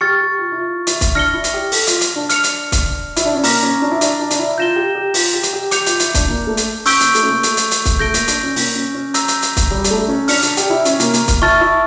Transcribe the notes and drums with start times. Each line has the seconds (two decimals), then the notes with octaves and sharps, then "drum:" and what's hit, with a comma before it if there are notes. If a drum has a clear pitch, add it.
0.01 G4 C#6 F6 A6 C#7
0.21 G4
0.39 F4
0.52 E4
0.58 F4
0.87 E4, drum: hi-hat
1.01 drum: kick, hi-hat
1.15 D4 F6 A#6 C#7 G7
1.34 E4
1.44 drum: hi-hat
1.54 G4
1.72 A4, drum: open hi-hat
1.87 F4, drum: hi-hat
2.01 drum: hi-hat
2.16 D4
2.29 F6 C#7 F7, drum: hi-hat
2.44 drum: hi-hat
2.72 drum: kick, hi-hat
3.16 E4, drum: hi-hat
3.25 D4
3.35 C#4
3.44 A#3 A#5 D6 F6 A#6, drum: open hi-hat
3.63 C#4
3.82 D4
3.91 E4
4.01 D4, drum: hi-hat
4.20 D4
4.30 D4, drum: hi-hat
4.39 E4
4.58 F4 G6 A#6 E7 G7
4.76 G4
4.95 G4
5.14 F4, drum: open hi-hat
5.33 G4
5.43 drum: hi-hat
5.53 G4
5.71 G4 D6 G6 C#7 F7, drum: hi-hat
5.86 F4, drum: hi-hat
6.00 E4, drum: hi-hat
6.14 D4, drum: kick, hi-hat
6.28 A#3
6.47 A3
6.57 drum: hi-hat
6.85 C#4 C#6 E6 G6 D7 G7, drum: open hi-hat
7.00 A#3, drum: hi-hat
7.15 A3, drum: hi-hat
7.23 C#4
7.28 A#3
7.43 A3, drum: hi-hat
7.57 drum: hi-hat
7.71 drum: hi-hat
7.85 drum: kick, hi-hat
7.99 A3 G6 A#6 D7 G7
8.14 A#3, drum: hi-hat
8.28 D4, drum: hi-hat
8.43 C#4
8.56 A#3, drum: open hi-hat
8.75 C#4
8.94 C#4
9.14 A#5 E6 G6 A#6, drum: hi-hat
9.28 drum: hi-hat
9.42 drum: hi-hat
9.57 drum: kick, hi-hat
9.71 G3
9.84 G3, drum: hi-hat
9.90 A3
10.08 C#4
10.28 D4 F6 C#7 F7, drum: open hi-hat
10.42 D4, drum: hi-hat
10.57 G4, drum: hi-hat
10.70 E4
10.85 C#4, drum: hi-hat
11.00 A#3, drum: hi-hat
11.14 A#3, drum: hi-hat
11.28 drum: kick, hi-hat
11.42 E4 A5 C#6 F6 A6
11.61 E4